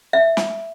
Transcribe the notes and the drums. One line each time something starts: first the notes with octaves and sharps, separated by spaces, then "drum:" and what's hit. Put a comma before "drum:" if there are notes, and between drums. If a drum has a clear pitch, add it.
E5
drum: snare